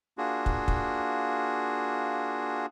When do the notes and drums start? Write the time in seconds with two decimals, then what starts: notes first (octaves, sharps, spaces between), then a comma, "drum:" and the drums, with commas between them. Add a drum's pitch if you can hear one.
0.18 A#3 D4 F4 F#4 G#4
0.46 drum: kick
0.68 drum: kick